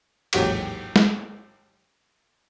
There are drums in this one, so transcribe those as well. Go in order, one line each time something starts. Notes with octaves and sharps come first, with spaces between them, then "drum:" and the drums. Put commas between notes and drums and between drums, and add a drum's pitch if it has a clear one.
A1 D#2 G#2 F#3 G4 B6, drum: cymbal
drum: snare